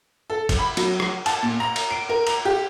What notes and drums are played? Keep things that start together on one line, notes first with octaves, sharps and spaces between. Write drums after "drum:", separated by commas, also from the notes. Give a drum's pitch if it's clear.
A4
drum: kick G#1, cymbal
B5
F#3, drum: cymbal
drum: rim click
A5, drum: cymbal
A#2
A#5
drum: cymbal
D7
A#4
A#5, drum: cymbal
G4